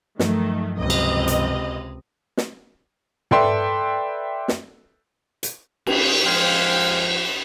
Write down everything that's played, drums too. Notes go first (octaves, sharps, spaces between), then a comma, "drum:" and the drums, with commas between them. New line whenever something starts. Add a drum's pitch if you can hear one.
G2 D#3 F3 F#3 A3, drum: snare
C#2 C3 D#5
drum: cymbal
drum: hi-hat
drum: snare
A4 B4 D5 E5 G5 C6, drum: tom
drum: snare
drum: hi-hat
drum: cymbal
F3 G#3 F5 G5